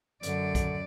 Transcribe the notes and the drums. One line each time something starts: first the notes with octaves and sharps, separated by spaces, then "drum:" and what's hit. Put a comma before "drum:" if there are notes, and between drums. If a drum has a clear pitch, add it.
F#2 D3 D5, drum: hi-hat
drum: kick, hi-hat